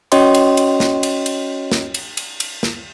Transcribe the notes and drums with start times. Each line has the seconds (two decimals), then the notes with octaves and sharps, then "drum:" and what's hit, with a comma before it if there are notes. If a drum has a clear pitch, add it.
0.12 C#4 F#4 C#5 D#5 G5 C6, drum: cymbal
0.34 drum: cymbal
0.57 drum: cymbal
0.80 drum: snare
1.03 drum: cymbal
1.26 drum: cymbal
1.72 drum: snare
1.94 drum: cymbal
2.17 drum: cymbal
2.40 drum: cymbal
2.63 drum: snare